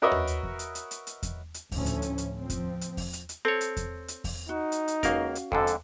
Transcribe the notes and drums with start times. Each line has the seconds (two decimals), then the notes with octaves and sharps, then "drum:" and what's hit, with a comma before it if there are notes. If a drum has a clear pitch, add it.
0.02 F#4 A#4 B4 C#5 D#5 E5
0.11 drum: tom D#2
0.27 drum: hi-hat
0.43 drum: kick E2
0.59 drum: hi-hat
0.75 drum: hi-hat
0.91 drum: hi-hat
1.07 drum: hi-hat
1.23 drum: kick E2, hi-hat
1.54 drum: hi-hat
1.72 D2 A2 F3 C#4, drum: kick E2, open hi-hat
1.86 drum: hi-hat
2.02 drum: hi-hat
2.18 drum: hi-hat
2.38 F3 C4
2.50 drum: kick E2, hi-hat
2.81 drum: hi-hat
2.97 drum: kick E2, open hi-hat
3.13 drum: hi-hat
3.29 drum: hi-hat
3.45 C4 A4 C#5
3.61 drum: hi-hat
3.77 drum: kick E2, hi-hat
4.08 drum: hi-hat
4.24 drum: kick E2, open hi-hat
4.49 D#4 F#4
4.72 drum: hi-hat
4.88 drum: hi-hat
5.03 C#2 A#3 C#4 F#4 A#4 F5, drum: kick E2, hi-hat
5.35 drum: hi-hat
5.52 F2 G#2 D3 A4, drum: kick E2
5.67 drum: hi-hat